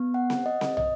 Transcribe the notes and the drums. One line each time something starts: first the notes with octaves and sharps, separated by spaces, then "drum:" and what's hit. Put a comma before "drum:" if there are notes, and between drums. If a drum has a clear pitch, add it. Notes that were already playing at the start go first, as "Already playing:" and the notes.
Already playing: B3
F#5
drum: snare C4
D#5
drum: snare C4
D#5, drum: tom